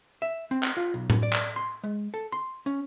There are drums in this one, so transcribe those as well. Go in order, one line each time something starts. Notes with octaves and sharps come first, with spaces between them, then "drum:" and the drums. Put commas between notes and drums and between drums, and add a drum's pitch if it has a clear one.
E5
C4
drum: clap
F4
B1
drum: tom A2
D5
drum: clap
C6
G#3
A4
C6
C#4